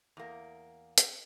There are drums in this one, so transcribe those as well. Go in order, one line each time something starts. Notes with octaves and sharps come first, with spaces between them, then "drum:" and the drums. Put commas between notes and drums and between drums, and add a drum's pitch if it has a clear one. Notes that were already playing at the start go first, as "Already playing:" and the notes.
E2 A#3
drum: hi-hat